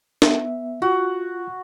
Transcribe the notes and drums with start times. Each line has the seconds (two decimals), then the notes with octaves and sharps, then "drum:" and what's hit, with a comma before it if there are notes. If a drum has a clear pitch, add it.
0.22 B3 E5, drum: snare
0.82 F4 F#4